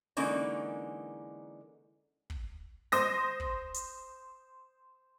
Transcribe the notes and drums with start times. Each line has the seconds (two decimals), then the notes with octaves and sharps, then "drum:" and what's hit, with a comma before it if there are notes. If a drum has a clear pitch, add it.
0.17 D3 E3 G#3 A#3 C#4 D#4, drum: open hi-hat
2.30 drum: kick
2.92 C5 D#6 A#6, drum: snare
3.40 drum: kick
3.74 drum: hi-hat